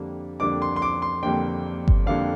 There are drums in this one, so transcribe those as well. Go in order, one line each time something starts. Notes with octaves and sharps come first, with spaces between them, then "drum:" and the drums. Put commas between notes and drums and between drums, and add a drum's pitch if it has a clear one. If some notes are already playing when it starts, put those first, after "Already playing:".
Already playing: F2 D3 G3 A#3 D4
F2 D3 G3 A#3 D4 D6
C6
C6
D6
C6
F2 D3 G3 A#3 D4 G5
drum: kick G1
F2 D3 G3 A#3 D4 F5